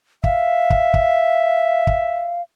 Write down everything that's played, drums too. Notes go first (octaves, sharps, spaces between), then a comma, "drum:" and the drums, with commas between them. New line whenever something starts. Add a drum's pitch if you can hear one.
E5 F5, drum: kick
drum: kick
drum: kick
drum: kick